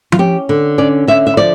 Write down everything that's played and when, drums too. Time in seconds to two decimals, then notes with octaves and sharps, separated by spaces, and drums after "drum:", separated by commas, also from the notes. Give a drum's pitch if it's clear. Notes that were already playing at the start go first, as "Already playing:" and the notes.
0.12 F4, drum: tom F3
0.19 C#4 G4
0.49 D3
0.78 C#4 D5
1.07 D3 E5
1.27 E5
1.37 F3 D5